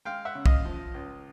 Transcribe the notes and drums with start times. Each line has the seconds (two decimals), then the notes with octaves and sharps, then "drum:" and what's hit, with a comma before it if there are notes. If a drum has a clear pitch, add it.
0.05 G#3 F5 G5
0.25 E5 F#5
0.35 C#3
0.46 D#5 F5, drum: kick
0.65 F3
0.94 C#2